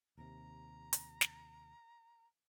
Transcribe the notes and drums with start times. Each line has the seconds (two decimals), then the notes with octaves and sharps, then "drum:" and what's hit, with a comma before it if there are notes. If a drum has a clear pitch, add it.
0.18 D#2 C3 A#5
0.93 drum: hi-hat
1.21 drum: snare